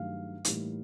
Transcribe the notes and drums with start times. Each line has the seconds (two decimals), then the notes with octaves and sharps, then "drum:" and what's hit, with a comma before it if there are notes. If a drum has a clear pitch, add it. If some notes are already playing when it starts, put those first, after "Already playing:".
Already playing: G2 D#3 F#3 A3 F5
0.45 A2 E3 G3 A#3 D#4, drum: hi-hat